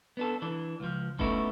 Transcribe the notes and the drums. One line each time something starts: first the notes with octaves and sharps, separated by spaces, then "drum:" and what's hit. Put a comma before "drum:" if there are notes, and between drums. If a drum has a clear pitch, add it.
B3 D4 A4
E3 D4
C#2 F3
A3 B3 C#4 D#4 E4 A4, drum: kick F1